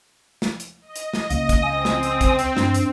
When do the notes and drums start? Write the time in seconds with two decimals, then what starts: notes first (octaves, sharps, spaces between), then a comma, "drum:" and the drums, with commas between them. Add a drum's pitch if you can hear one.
0.42 drum: snare
0.60 drum: hi-hat
0.81 D#5
0.96 drum: hi-hat
1.14 drum: snare
1.30 C#2 A#3, drum: hi-hat
1.49 drum: kick, hi-hat
1.62 C4 G#5 D#6
1.85 drum: snare
2.03 drum: hi-hat
2.21 drum: kick, hi-hat
2.39 drum: hi-hat
2.57 G2, drum: snare
2.74 drum: hi-hat